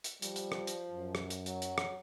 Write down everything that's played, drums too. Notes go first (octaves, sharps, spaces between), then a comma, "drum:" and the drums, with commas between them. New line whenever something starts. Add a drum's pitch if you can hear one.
drum: hi-hat
F3 G3, drum: hi-hat
drum: hi-hat
drum: rim click
drum: hi-hat
F#2
drum: rim click
drum: hi-hat
F#3, drum: hi-hat
drum: hi-hat
drum: rim click